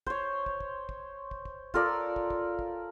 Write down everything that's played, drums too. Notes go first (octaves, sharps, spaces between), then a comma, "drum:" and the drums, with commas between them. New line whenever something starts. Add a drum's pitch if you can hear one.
C5 C#5, drum: kick
drum: kick
drum: kick
drum: kick
drum: kick
drum: kick
F4 A4 A#4 D5, drum: kick
drum: kick
drum: kick
drum: kick